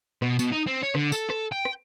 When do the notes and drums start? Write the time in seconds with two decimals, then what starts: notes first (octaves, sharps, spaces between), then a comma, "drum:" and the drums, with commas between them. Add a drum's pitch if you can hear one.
0.22 B2, drum: rim click
0.39 B2, drum: tambourine
0.52 D#4
0.67 C4
0.82 C#5
0.95 D3, drum: rim click
1.12 A4, drum: tambourine
1.30 A4, drum: rim click
1.52 G5
1.65 drum: rim click